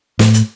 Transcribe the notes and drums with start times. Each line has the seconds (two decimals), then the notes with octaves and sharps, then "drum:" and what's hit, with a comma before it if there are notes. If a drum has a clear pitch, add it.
0.19 A2, drum: snare
0.34 drum: hi-hat